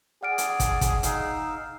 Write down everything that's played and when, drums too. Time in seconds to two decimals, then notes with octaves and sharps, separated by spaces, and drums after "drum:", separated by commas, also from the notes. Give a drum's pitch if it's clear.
0.23 G#4 D5 F#5 F6 D7
0.38 drum: hi-hat
0.60 drum: kick, hi-hat
0.81 drum: kick, hi-hat
1.03 D#4 F5 E6, drum: hi-hat